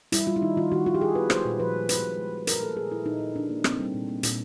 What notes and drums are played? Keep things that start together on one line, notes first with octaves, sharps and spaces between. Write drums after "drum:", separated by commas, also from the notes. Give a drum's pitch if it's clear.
G3 E4, drum: hi-hat
G3 F4
E4
D#3 D#4
D#3 F4
D#3 F#4
D#3 F4
G4
D#3 G#4
D#3 B4
G#3 C5, drum: rim click
A#2
F3 B4
G#3
F3 B4, drum: hi-hat
A#2
G#3
F3
A#2 A#4, drum: hi-hat
A#3 A4
A#2 G#4
A#2 E4
A#2 D#4
A#2
A#2 D4
A#3
A#3 C4, drum: rim click
G3
A#2
A#3
A#2, drum: hi-hat